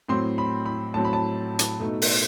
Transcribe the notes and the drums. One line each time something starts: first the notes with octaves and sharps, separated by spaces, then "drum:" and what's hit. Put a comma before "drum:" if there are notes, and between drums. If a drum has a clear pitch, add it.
A2 F#3 C4 C6
B5
B5
A2 F#3 C4 A5
B5
A5
drum: hi-hat
B2 A3 D#4
drum: open hi-hat